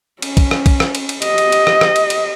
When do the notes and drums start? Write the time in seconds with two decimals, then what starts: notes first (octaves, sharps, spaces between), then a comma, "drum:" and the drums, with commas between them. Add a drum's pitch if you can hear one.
0.22 C#4, drum: cymbal
0.37 drum: kick, cymbal
0.51 drum: rim click
0.66 drum: kick, cymbal
0.80 drum: rim click
0.95 drum: cymbal
1.09 drum: cymbal
1.22 G4 D#5, drum: cymbal
1.38 drum: cymbal
1.52 drum: cymbal
1.67 drum: rim click
1.81 drum: rim click
1.96 drum: cymbal
2.10 drum: cymbal